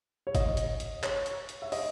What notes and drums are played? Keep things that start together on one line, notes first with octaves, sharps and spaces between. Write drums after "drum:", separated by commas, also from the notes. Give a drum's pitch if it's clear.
C#5
D#5, drum: kick G1, hi-hat
drum: hi-hat
drum: hi-hat
C#5, drum: clap
drum: hi-hat
drum: hi-hat
E5
D#5, drum: open hi-hat